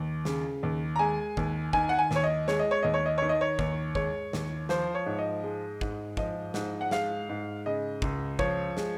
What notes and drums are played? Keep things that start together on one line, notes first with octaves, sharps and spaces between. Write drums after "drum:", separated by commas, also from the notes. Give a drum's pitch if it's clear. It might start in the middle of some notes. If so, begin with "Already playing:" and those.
Already playing: D#2
C#3, drum: snare
D#2
A#5
G#3 G#5
D#2, drum: kick
D#3 G#5, drum: kick
F#5
G#5
D#2 C#5, drum: snare
D#5
G#3 C#5, drum: snare
D#5
C#5
D#2 D#5
C#5
D#5
D#3 C#5
D#5
C#5
D#2, drum: kick
G#3 C#5, drum: kick
D#2, drum: snare
F3 C5, drum: snare
C#5
G#2
D#5
G#3
G#2, drum: kick
F3 D#5, drum: kick
G#2, drum: snare
F#5
G#3 F5, drum: snare
G#2
C#3 D#5
C#2, drum: kick
F3 C#5, drum: kick
G#3, drum: snare